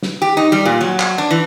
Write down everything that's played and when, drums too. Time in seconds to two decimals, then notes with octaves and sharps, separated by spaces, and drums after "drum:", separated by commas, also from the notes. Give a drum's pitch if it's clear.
0.03 drum: snare
0.22 G4
0.37 D#4
0.52 G3
0.65 A#2
0.81 F#3
1.00 drum: clap
1.18 D4
1.31 E3